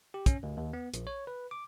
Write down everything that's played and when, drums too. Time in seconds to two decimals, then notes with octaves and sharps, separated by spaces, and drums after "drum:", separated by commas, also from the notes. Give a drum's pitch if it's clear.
0.14 G4
0.26 C#4, drum: kick, hi-hat
0.43 D2
0.57 D#2
0.73 B3
0.94 A#1, drum: hi-hat
1.07 C#5
1.27 B4
1.51 D6